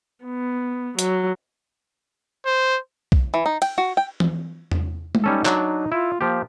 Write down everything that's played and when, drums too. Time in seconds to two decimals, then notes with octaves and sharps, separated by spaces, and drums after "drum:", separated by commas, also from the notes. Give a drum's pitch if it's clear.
0.24 B3
0.99 F#3, drum: hi-hat
2.46 C5
3.12 drum: kick B1
3.34 E3
3.46 D#4
3.62 G5, drum: cymbal
3.78 F#4
3.97 G5
4.20 drum: tom E3
4.71 drum: tom E2
5.15 drum: tom G#3
5.24 G3 C#4 D#4 A4
5.45 F#3 D4, drum: clap
5.92 E4 F4
6.21 F3 A#3 G4